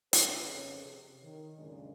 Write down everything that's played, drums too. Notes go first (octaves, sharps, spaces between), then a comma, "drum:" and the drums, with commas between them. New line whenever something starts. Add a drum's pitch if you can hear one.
A#3 D#4 F4 G4 A4 B4, drum: hi-hat
F2 C#3 C4 G#4 C#5
C3
D#3
F2 A#2 C#3 F#3 G#3 D4